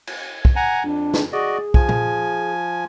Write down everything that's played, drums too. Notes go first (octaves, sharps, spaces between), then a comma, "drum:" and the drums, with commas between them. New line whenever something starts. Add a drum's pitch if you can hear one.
drum: cymbal
drum: kick
F#5 G#5 A#5
F2 D4
drum: snare
F#4 G#4 D5 D#5
F3 G#5, drum: kick
drum: tom A#2